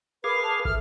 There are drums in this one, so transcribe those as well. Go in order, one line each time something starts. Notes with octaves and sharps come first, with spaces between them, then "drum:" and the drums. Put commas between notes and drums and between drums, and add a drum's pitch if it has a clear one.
G#4 A#4 B4 F5 B5 D6
B4 A5
A4 E5 F6, drum: kick